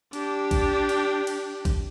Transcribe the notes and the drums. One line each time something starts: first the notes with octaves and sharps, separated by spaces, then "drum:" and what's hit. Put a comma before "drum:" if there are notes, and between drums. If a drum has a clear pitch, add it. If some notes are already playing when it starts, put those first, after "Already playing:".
D4 G4, drum: cymbal
drum: kick A1, cymbal
drum: cymbal
drum: cymbal
drum: kick A1, cymbal